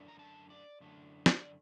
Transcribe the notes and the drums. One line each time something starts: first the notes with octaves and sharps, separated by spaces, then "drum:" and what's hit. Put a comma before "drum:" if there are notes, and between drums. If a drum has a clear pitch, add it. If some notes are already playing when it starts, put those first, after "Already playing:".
Already playing: F#2 D3 A3 D4
A#5
A5
D5
F#2 D3 A3 D4
C5, drum: snare
D5